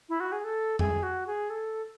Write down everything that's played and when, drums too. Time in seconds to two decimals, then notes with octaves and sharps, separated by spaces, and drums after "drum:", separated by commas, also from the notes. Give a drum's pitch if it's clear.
0.09 E4
0.20 F#4
0.32 G#4
0.44 A4
0.79 G#4, drum: tom F2
1.03 F#4
1.27 G#4
1.50 A4